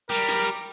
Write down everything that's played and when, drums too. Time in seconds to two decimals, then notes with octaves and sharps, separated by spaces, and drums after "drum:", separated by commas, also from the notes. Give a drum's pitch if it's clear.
0.10 G3 A#4
0.28 drum: hi-hat